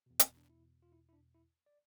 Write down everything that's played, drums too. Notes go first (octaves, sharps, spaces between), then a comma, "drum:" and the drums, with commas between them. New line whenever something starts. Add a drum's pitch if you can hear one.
E2 B2
drum: hi-hat
D4
E4
F4
E4
E4
D4
E4
D5